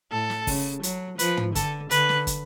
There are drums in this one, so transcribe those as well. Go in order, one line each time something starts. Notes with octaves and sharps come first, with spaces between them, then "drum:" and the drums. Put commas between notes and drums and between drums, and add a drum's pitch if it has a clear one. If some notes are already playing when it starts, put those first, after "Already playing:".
A2 A4
drum: snare
C#3, drum: kick, open hi-hat
F#3, drum: hi-hat
F3 B4, drum: hi-hat
drum: tom
D3 A4, drum: kick, hi-hat
D3 B4, drum: hi-hat
drum: snare
drum: kick, hi-hat